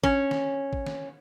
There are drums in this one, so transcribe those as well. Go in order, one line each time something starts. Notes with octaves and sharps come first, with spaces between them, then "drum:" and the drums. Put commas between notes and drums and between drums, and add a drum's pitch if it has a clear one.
C#4, drum: kick
drum: snare
drum: kick
drum: snare